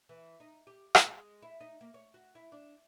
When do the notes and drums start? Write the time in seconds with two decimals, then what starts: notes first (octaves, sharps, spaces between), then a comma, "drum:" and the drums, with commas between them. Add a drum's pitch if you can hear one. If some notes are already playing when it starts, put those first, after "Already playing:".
0.09 E3
0.40 D#4
0.67 G4
0.95 E3, drum: rim click
1.06 G#3
1.42 E4
1.61 D#4
1.81 A#3
1.94 C#5
2.14 F#4
2.35 E4
2.52 D4